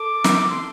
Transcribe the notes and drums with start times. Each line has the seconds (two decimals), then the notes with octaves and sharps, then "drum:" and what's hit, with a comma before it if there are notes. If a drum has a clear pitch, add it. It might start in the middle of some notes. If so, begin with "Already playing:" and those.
Already playing: A4 D6
0.24 drum: snare
0.49 C6